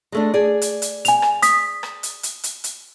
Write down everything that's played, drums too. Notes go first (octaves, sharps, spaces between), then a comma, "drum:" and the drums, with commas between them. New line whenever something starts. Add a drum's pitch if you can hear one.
G#3 A3 D4
G#4 D5
drum: hi-hat
drum: hi-hat
G#5 F7, drum: hi-hat
drum: rim click
D#6 B6, drum: hi-hat
drum: rim click
drum: hi-hat
drum: hi-hat
drum: hi-hat
drum: hi-hat